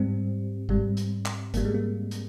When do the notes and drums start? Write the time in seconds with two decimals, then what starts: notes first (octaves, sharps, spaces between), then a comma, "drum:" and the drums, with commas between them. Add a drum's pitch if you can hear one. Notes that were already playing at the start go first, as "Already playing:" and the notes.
Already playing: G#2 G3 C4
0.69 G#2 G3, drum: kick G#1
0.97 drum: hi-hat
1.26 drum: clap
1.54 G#2 G3 A#3, drum: kick G#1, hi-hat
1.65 G#3
1.74 A#3
2.11 drum: hi-hat